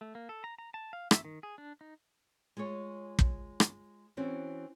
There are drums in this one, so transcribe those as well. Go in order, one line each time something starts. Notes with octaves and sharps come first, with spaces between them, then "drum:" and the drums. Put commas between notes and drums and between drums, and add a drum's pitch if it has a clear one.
A3
A#3
A4
A#5
A#5
A5
F5
E5, drum: rim click
D#3
G#4
D4
D#4
G#3 F4 G#4 C#5
drum: kick
drum: rim click
E3 C4 C#4 F#4